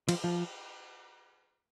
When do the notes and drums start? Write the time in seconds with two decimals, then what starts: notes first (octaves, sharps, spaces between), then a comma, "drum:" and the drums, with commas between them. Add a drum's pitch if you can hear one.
0.09 F3, drum: cymbal
0.24 F3